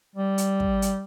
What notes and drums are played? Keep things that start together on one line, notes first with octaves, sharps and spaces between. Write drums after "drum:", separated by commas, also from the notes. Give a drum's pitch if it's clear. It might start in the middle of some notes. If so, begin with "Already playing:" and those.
G3
drum: hi-hat
drum: kick
drum: hi-hat